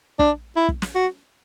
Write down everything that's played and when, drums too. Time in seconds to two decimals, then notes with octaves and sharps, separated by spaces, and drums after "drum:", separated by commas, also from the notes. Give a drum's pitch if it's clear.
0.19 D4, drum: kick
0.56 E4
0.69 drum: kick
0.82 drum: snare
0.95 F#4